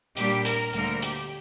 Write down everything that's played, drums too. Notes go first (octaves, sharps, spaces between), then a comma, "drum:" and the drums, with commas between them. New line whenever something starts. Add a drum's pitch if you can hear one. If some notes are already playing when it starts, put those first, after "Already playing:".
A#2 G3 D4 G4, drum: hi-hat
A#4, drum: hi-hat
D2 D3 G3 A#3 D4 A#4, drum: hi-hat
G4, drum: hi-hat